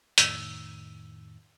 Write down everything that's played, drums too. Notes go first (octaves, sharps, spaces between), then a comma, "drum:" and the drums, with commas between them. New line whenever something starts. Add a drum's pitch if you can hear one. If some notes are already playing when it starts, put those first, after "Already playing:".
F2 A2 D#3 E6, drum: hi-hat